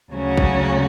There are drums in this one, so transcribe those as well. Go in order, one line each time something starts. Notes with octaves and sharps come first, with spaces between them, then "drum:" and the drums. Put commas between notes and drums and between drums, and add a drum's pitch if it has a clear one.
D2 C#3 F#3 C#4 F#4
drum: kick